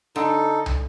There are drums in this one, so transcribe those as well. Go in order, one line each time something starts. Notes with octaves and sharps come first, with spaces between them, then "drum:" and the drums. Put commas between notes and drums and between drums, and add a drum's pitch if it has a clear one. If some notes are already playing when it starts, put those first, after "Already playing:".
D3 D#4 A4
drum: tom